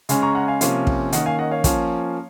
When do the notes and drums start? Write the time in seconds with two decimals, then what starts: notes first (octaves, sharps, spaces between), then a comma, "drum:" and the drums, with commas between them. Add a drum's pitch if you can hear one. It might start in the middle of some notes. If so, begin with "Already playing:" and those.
0.09 C#3 G#3 C#4, drum: hi-hat
0.22 A#5 C#6
0.35 F#5 A#5
0.48 F5 G#5
0.61 C3 F3 A#3 C#4, drum: hi-hat
0.87 drum: kick
1.12 D#3 A#3 C#4 D#5 F#5, drum: hi-hat
1.26 F5 G#5
1.39 D#5 F#5
1.51 C#5 F5
1.64 F3 A#3 C#4, drum: kick, hi-hat